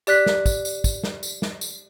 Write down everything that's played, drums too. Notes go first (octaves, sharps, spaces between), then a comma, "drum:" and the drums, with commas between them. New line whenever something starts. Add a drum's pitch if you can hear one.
G4 D5 F#6 B6, drum: tambourine
drum: snare
drum: kick, tambourine
drum: tambourine
drum: kick, tambourine
drum: snare
drum: tambourine
drum: snare
drum: tambourine